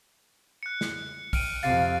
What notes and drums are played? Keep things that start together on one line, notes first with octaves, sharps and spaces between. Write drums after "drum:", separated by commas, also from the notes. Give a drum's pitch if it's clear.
F#6 C#7
drum: snare
F6 D7 D#7, drum: kick, open hi-hat
F2 C3 F5 A6 C7 D#7